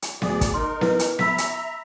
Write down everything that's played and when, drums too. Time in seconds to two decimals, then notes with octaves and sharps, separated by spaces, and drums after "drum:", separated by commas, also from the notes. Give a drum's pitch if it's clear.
0.02 drum: hi-hat
0.22 D2 G#4 D5, drum: snare B3
0.41 drum: kick, hi-hat
0.54 D#4 A#4 C6
0.81 E4 B4, drum: snare B3
0.99 drum: hi-hat
1.19 E5 A#5 B5 E6 B6, drum: snare B3
1.38 drum: hi-hat